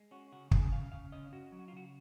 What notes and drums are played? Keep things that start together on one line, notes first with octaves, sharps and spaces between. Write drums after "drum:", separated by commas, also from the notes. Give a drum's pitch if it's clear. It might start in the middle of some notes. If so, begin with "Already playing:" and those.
Already playing: G#3
C#4 F#4
C#3 F#4
C#3 G#4, drum: kick
C#3 F5
C#3 F5
C#4 D#5
C#4 F#4
F#3
F#4
F4
C#3 F#4